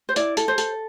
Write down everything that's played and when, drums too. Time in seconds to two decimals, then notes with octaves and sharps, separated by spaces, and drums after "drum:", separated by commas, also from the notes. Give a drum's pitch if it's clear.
0.09 C5
0.16 E4 D5, drum: hi-hat
0.37 A4, drum: hi-hat
0.48 C5
0.58 A4, drum: hi-hat